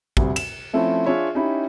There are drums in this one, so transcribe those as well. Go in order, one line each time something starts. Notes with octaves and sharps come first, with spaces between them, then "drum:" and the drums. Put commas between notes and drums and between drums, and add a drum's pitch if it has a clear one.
D2 G2 C3, drum: kick
E7, drum: cymbal
F3 A3 C4 C#4 E4
D4 F4 G#4 C#5 E5
C#4 D#4 E4 G4 B5